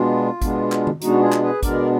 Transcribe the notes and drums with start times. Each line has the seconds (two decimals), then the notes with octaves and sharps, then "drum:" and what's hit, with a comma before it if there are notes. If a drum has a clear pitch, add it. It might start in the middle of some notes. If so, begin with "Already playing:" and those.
Already playing: B2 G#3 B3 D4 F4
0.42 B2 G#3 B3 D4, drum: kick G#1, hi-hat
0.72 drum: clap
0.87 drum: tom D#3
1.02 B2 G#3 B3 D4 D#4 F#4, drum: hi-hat
1.22 F4 G#4
1.32 drum: clap
1.42 G#4 B4
1.63 B2 G#3 B3 D4 A#4 D5, drum: kick G#1, hi-hat